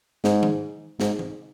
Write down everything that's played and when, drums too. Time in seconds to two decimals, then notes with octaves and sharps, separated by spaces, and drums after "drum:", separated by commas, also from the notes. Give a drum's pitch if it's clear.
0.24 G#2, drum: snare
0.43 drum: tom D#3
1.00 G#2, drum: snare
1.19 drum: tom E3